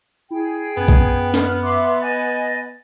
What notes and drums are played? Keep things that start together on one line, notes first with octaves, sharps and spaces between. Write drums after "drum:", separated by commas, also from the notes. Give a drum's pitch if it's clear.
E4 G#4 G5
F#2 B3
drum: kick B1
F6, drum: snare
E5 C6 D6
D#5 G#5 A6